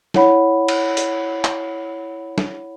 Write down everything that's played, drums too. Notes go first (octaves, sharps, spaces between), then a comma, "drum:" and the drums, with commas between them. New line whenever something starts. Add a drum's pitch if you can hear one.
E4 C#5 F#5 B5, drum: snare
drum: cymbal
drum: hi-hat
drum: clap
drum: snare